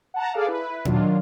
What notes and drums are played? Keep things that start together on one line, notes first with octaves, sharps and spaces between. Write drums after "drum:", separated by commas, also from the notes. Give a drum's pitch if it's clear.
F#5 A5 A#5
G#4 A4 D5 F5
E4 B4
D#3 F#3 D4 F4, drum: tom A#2